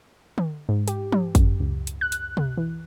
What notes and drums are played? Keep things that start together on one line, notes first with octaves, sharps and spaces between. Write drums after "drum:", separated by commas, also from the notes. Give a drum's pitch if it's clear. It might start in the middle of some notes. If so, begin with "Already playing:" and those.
drum: tom
G#2
G4, drum: hi-hat
drum: tom
F#2, drum: kick, hi-hat
C#2
drum: hi-hat
F#6
drum: hi-hat
drum: tom
E3